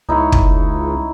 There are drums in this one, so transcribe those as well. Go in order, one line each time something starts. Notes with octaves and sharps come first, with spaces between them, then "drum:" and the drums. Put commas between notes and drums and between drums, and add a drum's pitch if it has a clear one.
C#2 D#4 E4 C#5
drum: kick